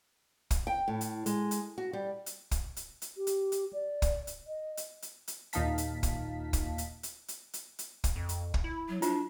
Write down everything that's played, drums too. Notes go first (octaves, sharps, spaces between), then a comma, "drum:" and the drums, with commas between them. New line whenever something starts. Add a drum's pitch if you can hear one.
drum: kick, hi-hat
G5
A2
drum: hi-hat
G#3, drum: hi-hat
drum: hi-hat
F#4
G3
drum: hi-hat
drum: kick, hi-hat
drum: hi-hat
drum: hi-hat
G4
drum: hi-hat
drum: hi-hat
D5
drum: kick, hi-hat
drum: hi-hat
D#5
drum: hi-hat
drum: hi-hat
drum: hi-hat
D#2 A#2 D#4 F5 A5 B6, drum: hi-hat
drum: hi-hat
drum: kick, hi-hat
drum: kick, hi-hat
drum: hi-hat
drum: hi-hat
drum: hi-hat
drum: hi-hat
drum: hi-hat
drum: kick, hi-hat
F2
drum: hi-hat
drum: kick
E4
F#3
D4 F4, drum: hi-hat